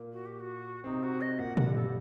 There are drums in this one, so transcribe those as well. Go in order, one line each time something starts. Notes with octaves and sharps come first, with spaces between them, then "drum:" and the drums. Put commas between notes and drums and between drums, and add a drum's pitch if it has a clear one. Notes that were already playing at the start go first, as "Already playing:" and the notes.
Already playing: A#2 A#3
F#4
G4
F#4
C3 C4 D#4
F#4
D#5
A#2 A#3 F#5
F#5, drum: tom A#2
G2 G3
A4